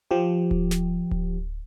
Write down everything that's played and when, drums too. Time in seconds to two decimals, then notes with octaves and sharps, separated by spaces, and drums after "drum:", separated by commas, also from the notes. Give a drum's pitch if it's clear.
0.11 F3 G4
0.51 drum: kick D1
0.71 drum: snare
1.11 drum: kick D1